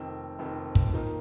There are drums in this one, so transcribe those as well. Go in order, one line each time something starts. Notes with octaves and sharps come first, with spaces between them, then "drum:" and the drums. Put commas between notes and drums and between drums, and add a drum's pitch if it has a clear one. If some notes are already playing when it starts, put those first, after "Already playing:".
Already playing: F1 F2 D#3 C4
F1 F2 D#3 C4
drum: kick
D#3 A#3 D#4 F4